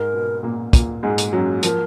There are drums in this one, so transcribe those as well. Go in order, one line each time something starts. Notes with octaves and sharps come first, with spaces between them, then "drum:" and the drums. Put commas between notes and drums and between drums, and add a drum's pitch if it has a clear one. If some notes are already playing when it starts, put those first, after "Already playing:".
Already playing: G#2 G#3 A#4
B2 B3
A#2 A#3
A#2 A#3, drum: kick, hi-hat
G#2 G#3
drum: hi-hat
F#2 F#3
F3 A#4, drum: hi-hat